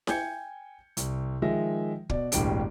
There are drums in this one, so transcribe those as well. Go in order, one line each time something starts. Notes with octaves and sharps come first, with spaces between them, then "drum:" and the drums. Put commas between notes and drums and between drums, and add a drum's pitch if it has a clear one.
G5 G#5 G6 G#6 C#7, drum: snare E4
C2, drum: hi-hat
D#3 F3 G#3 E5 A#6
B2 D5, drum: kick
E1 A1 G2 G3 D4 D7, drum: hi-hat